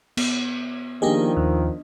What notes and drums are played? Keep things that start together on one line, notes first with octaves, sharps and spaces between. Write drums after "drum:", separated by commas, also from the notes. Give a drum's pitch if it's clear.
B3, drum: cymbal
D#3 F3 A#3 D4 G4 G#4 D#5
D#2